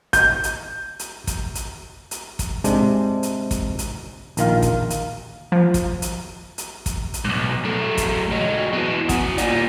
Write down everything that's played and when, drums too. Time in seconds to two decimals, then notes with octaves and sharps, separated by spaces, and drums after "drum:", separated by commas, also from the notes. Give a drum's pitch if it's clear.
0.13 G6, drum: kick, hi-hat
0.44 drum: hi-hat
0.99 drum: hi-hat
1.27 drum: kick, hi-hat
1.55 drum: hi-hat
2.11 drum: hi-hat
2.39 drum: kick, hi-hat
2.64 G#2 C3 G#3 D4, drum: hi-hat
3.23 drum: hi-hat
3.51 drum: kick, hi-hat
3.79 drum: hi-hat
4.37 A#1 D#3 F4 F5, drum: hi-hat
4.62 drum: kick, hi-hat
4.90 drum: hi-hat
5.52 F3
5.74 drum: kick, hi-hat
6.02 drum: hi-hat
6.58 drum: hi-hat
6.86 drum: kick, hi-hat
7.14 drum: hi-hat
7.25 B1 G#2
7.65 F#3 A3
7.97 drum: kick, hi-hat
8.31 F#3 G#3
8.74 B2 E3
9.09 F#4 G#4, drum: kick, hi-hat
9.38 A#2 G3, drum: hi-hat